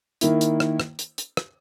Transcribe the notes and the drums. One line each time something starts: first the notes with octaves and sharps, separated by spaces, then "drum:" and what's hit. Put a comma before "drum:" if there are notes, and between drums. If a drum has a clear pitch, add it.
D#3 A#3 E4, drum: hi-hat
drum: hi-hat
drum: rim click
drum: rim click
drum: hi-hat
drum: hi-hat
drum: rim click